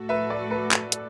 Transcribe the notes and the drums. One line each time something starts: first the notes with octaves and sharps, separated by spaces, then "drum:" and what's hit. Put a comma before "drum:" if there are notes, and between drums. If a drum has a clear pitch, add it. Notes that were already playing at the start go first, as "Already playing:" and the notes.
Already playing: A2 A3 F#4 A4
B4 E5
D5
B4
drum: clap
drum: hi-hat